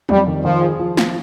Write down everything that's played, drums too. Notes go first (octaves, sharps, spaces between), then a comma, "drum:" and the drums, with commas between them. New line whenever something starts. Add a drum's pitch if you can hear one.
F2 G3, drum: tom
D#3
D#3 F3
G#4
F3
F3, drum: snare